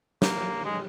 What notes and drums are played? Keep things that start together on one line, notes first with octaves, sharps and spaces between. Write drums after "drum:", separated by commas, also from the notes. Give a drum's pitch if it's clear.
A#3, drum: snare
G#3